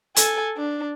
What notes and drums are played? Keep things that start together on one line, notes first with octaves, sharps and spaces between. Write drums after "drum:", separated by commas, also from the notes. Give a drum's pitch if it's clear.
A4 G#5, drum: hi-hat
D4